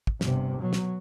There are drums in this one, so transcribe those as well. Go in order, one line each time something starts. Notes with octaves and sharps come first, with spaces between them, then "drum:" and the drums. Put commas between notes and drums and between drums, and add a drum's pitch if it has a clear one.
drum: kick
G1 C3, drum: snare
B2 F#3
drum: snare